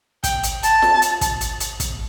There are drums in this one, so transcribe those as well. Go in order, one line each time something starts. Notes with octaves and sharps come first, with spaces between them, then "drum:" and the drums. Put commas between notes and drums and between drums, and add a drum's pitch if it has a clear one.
G5, drum: kick, hi-hat
drum: hi-hat
A5, drum: hi-hat
drum: snare F4
drum: hi-hat
drum: kick, hi-hat
drum: hi-hat
drum: hi-hat
drum: kick, hi-hat